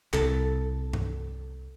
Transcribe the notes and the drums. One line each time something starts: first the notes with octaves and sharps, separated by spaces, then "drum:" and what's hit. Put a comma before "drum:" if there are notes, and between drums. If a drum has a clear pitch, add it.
C2 A4, drum: clap
drum: tom G2